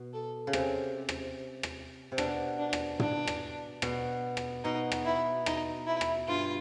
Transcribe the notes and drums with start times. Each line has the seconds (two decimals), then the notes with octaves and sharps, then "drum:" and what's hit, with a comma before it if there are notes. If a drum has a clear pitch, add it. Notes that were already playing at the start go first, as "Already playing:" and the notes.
Already playing: B2
0.14 A4
0.47 C#3
0.53 C3, drum: rim click
1.09 drum: rim click
1.63 drum: rim click
2.12 C3
2.18 B2 D4, drum: rim click
2.58 D4
2.73 drum: rim click
2.99 D4, drum: tom
3.27 drum: rim click
3.82 B2, drum: rim click
4.37 drum: rim click
4.64 B2 D#4
4.92 drum: rim click
5.05 E4
5.46 D#4, drum: rim click
5.87 E4
6.01 drum: rim click
6.28 G2 F4